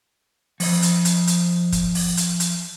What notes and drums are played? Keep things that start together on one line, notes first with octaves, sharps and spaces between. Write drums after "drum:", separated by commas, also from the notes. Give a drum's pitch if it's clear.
F3 D#5, drum: open hi-hat
drum: hi-hat
drum: hi-hat
drum: hi-hat
drum: kick, hi-hat
drum: open hi-hat
drum: hi-hat
drum: hi-hat